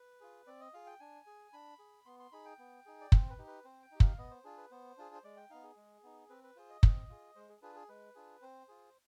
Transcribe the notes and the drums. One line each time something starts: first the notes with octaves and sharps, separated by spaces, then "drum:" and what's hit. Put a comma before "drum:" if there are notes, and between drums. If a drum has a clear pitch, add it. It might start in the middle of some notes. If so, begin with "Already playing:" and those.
Already playing: B4
F4 G#4
C4 D5
D#5
F4 G#4 F5
G5
D4 G#5
G#4
D4 B5
G#4
B3 C6
C6
D#4 G#4 B5
G5
B3
D#4 G#4
D5
C4 C5, drum: kick
B4
D#4 G4
B4
C4 C5
G5
D#4 G4
F5, drum: kick
B3 D#5
C5
D4 F4 G#4
B4
B3 C5
D4 F4 G#4
C5
G#3 D5
G5
B3 D#4 F5
G#4
G#3
B3 D#4
C4 B4
B4
F4 G#4 C5
D#5
C4, drum: kick
F4 G#4
G#3 C5
G#4
D4 F4 G#4 B4
G#4
G#3 B4
D4 F4 G#4
C4 C5
F4 G#4